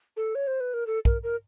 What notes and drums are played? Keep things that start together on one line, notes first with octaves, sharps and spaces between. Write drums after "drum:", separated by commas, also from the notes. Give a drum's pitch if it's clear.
A4
C#5
C5
B4
A#4
A4
A#4, drum: kick
A#4